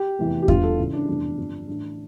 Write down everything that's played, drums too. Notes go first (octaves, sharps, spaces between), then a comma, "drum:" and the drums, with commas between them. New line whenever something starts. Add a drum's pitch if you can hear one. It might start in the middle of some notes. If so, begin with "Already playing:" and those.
Already playing: G4
F1 E2 E3
G4
G1 G2 D3 F4, drum: kick E2
A4
C#2 C#3 E3
D4
F1 E2 D3 D4
G1 F2 D3
A1 A2 E3 D4